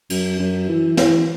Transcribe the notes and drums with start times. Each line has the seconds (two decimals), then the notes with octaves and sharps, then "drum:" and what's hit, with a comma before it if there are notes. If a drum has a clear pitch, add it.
0.10 F#2, drum: cymbal
0.39 F#2
0.69 E3
0.97 E3, drum: snare